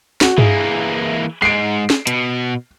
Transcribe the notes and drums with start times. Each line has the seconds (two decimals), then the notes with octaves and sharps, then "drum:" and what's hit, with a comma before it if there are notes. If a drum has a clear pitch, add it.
0.21 F#4 F#5, drum: snare
0.38 E3 A#3 G#4, drum: tom G2
1.42 G#2 G#3 C7 D7
1.90 drum: snare
2.07 B2, drum: hi-hat